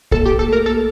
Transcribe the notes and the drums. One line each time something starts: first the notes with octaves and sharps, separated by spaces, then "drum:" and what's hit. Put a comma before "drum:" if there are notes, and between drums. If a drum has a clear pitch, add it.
A#3 A4, drum: kick
G4
A#3
A4
A3 A#4
A#3 A4